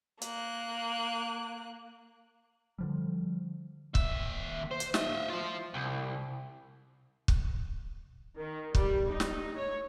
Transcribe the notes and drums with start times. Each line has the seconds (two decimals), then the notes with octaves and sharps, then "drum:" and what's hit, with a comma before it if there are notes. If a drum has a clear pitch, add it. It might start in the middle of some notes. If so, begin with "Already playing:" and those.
0.22 A#3 F#6, drum: hi-hat
2.78 D3 F3 G3
3.95 D#2 E5, drum: kick
4.71 C5
4.80 drum: hi-hat
4.94 D#5 E5, drum: snare
5.29 F4 C5
5.74 C2
7.28 drum: kick
8.38 D#3
8.75 G3, drum: kick
9.09 D#4
9.20 drum: snare
9.56 C#5